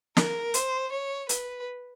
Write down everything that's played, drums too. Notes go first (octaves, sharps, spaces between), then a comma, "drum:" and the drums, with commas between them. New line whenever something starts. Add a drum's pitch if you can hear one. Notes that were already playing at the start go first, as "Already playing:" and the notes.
A#4, drum: snare
C5, drum: hi-hat
C#5
B4, drum: hi-hat